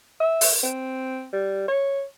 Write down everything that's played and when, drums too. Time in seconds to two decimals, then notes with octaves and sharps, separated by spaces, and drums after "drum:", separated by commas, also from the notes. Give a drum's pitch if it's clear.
0.20 E5
0.41 drum: open hi-hat
0.63 C4
1.33 G3
1.68 C#5